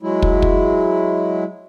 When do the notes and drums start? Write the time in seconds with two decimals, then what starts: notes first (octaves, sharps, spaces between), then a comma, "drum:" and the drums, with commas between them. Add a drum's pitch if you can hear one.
0.02 F#3 G#3 E4
0.22 drum: kick
0.42 drum: kick